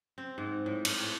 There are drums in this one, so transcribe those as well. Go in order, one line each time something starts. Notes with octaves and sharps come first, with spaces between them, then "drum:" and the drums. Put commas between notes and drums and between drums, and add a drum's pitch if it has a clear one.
C4
G#2
A2
A2, drum: cymbal